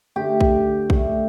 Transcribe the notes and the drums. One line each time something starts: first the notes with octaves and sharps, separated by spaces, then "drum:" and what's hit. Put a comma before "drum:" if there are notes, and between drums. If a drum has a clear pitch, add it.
D3 A3 G4
drum: kick A#1
D3 A3, drum: kick A#1